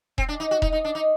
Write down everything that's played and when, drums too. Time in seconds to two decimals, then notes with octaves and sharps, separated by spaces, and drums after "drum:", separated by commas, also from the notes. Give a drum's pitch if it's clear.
0.18 C4, drum: kick E1
0.29 D4
0.40 D#4
0.51 F#4
0.62 D#4, drum: kick E1
0.72 D#4
0.85 D4
0.95 D#4